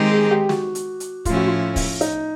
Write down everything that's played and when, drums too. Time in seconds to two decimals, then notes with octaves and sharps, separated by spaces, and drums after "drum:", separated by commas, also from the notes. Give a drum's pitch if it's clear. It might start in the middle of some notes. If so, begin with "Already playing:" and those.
Already playing: D#3 G#3 C4 D#4 G4
0.12 G#4
0.31 G4
0.49 F#4, drum: snare
0.75 drum: hi-hat
1.00 drum: hi-hat
1.25 A2 F3 A3 C#4 E4 F4, drum: kick, hi-hat
1.36 F#4
1.47 F4
1.76 drum: kick, open hi-hat
2.01 D#4, drum: hi-hat